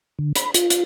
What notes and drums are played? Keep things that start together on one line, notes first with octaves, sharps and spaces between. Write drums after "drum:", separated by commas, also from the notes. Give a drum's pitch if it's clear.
D3
B5, drum: hi-hat
F4, drum: hi-hat
drum: hi-hat